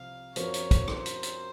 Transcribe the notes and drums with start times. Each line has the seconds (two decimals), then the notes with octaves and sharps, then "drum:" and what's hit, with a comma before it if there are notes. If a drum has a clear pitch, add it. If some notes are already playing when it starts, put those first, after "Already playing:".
Already playing: C2 C3 F3 C4 F5
0.36 F#2 F3 C4 F#4 A#4 C#5, drum: hi-hat
0.54 drum: hi-hat
0.71 drum: kick, hi-hat
0.88 C5, drum: rim click
1.06 drum: hi-hat
1.23 drum: hi-hat